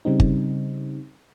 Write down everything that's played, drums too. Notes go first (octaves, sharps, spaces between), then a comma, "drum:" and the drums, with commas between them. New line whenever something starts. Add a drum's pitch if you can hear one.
C#3 G3 C4 D#4
drum: kick G1